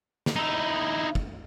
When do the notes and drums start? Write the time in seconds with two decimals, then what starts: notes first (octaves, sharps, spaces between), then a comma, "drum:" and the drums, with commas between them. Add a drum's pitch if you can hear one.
0.26 drum: snare
0.36 D#4 E4
1.15 drum: kick